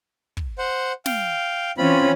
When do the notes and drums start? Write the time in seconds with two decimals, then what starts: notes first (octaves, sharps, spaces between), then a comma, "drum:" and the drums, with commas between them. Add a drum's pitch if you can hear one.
0.37 drum: kick
0.58 C5 F#5
1.06 F5 G5, drum: snare
1.78 E3 C4 C#4 F4 B5